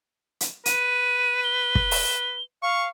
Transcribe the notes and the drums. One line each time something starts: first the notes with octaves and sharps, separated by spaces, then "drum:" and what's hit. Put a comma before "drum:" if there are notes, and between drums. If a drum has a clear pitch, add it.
drum: hi-hat
B4 D#7, drum: hi-hat
G7
drum: kick
drum: open hi-hat
F5 C#6